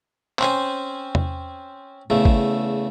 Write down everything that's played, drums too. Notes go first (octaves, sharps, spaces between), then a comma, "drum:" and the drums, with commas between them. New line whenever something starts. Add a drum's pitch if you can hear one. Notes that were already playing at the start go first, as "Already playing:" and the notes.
C4 C#4 C5 G#5, drum: clap
drum: tom E2
E2 C#3 A3
drum: kick